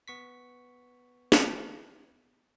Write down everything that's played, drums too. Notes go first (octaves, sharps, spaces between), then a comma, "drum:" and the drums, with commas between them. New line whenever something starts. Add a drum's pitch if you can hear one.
B3 C#6 B6
drum: snare